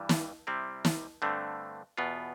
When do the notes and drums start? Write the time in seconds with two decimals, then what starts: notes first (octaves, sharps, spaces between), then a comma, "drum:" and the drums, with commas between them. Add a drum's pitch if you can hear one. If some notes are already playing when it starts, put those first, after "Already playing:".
Already playing: G2 E3 G3
0.09 drum: snare
0.47 C3 G3 C4 E4
0.85 drum: snare
1.22 G2 D3 A3 C4
1.97 E2 B2 B3 F4